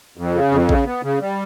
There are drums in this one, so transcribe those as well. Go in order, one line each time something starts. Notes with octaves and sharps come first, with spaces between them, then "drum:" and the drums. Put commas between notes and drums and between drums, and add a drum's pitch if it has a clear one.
F2
C#3
F2
C#3, drum: kick A1
B3
C#3
G3